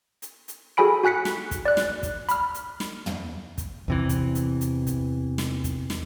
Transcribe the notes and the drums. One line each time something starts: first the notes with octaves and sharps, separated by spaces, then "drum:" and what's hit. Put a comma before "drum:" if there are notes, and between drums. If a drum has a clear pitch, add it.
drum: hi-hat
drum: hi-hat
F#4 G#4 A4 G#5 B5 D7
F#4 G#5 F#6 B6 C#7
drum: snare
drum: kick, hi-hat
D5 F#6
drum: snare
drum: kick, hi-hat
B5 F6, drum: hi-hat
drum: hi-hat
drum: snare
drum: tom
drum: kick, hi-hat
E2 C3 E3
drum: kick, hi-hat
drum: hi-hat
drum: hi-hat
drum: kick, hi-hat
drum: snare
drum: kick, hi-hat
drum: snare